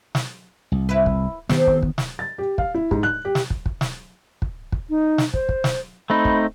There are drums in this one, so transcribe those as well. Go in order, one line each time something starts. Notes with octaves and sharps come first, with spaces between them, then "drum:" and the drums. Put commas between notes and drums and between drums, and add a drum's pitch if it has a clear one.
drum: snare
C2
E4 B4
drum: kick
D#3 B3 C4 G4 A4, drum: snare
drum: kick
drum: kick
drum: snare
A6
G4
F5, drum: kick
E4
G#2, drum: kick
F#6
G4
drum: snare
drum: kick
drum: kick
drum: snare
drum: kick
drum: kick
D#4
drum: snare
C5, drum: kick
drum: kick
drum: snare
A3 C4 D#4 B5
drum: kick